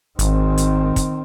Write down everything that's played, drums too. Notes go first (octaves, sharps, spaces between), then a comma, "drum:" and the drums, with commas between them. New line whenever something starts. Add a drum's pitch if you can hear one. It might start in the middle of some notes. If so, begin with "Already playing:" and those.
G#1 D#3 C4, drum: hi-hat
drum: hi-hat
drum: kick, hi-hat